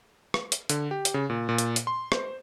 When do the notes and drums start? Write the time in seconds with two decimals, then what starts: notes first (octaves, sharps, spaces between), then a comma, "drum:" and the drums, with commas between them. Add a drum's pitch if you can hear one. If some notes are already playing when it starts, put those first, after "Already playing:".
0.34 drum: rim click
0.52 drum: hi-hat
0.69 D3, drum: hi-hat
0.91 G4
1.05 drum: hi-hat
1.14 C#3
1.30 A#2
1.49 A#2
1.58 drum: hi-hat
1.76 drum: hi-hat
1.87 C6
2.12 C5, drum: rim click